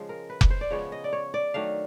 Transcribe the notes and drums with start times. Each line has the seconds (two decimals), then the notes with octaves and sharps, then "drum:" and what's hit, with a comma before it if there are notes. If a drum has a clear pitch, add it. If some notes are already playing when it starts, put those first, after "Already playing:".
Already playing: C#3 F3 G#3
0.09 A#4
0.30 B4
0.41 drum: kick F1
0.50 C5
0.61 D5
0.71 C#3 F3 G#3 B3 C#5
0.92 D#5
1.04 D5
1.13 C#5
1.34 D5
1.54 D#3 F#3 A3 D4 F5